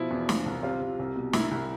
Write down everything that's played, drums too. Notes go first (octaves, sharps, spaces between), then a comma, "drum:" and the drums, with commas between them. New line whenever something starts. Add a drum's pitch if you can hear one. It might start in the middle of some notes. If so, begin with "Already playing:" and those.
Already playing: B2 F3 E4
E2
F3, drum: snare
C2
C3 F4
C3
C2
B2
C2 E4, drum: snare
C2